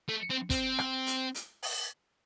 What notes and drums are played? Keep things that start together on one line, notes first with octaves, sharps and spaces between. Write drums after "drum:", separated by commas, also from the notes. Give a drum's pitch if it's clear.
A3
C4
C4, drum: kick, hi-hat
drum: rim click
drum: hi-hat
drum: hi-hat
drum: open hi-hat